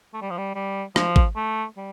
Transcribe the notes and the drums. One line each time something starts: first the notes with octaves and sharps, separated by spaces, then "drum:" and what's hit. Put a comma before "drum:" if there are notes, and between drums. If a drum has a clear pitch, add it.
A3
G3
F3
G3
G3
F3, drum: rim click
drum: kick G#1
A3
G3